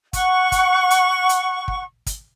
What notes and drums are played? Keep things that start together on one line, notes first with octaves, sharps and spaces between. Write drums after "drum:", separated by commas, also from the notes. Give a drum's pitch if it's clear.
F#5 C#6, drum: kick, hi-hat
drum: kick, hi-hat
drum: hi-hat
drum: hi-hat
drum: kick
drum: kick, hi-hat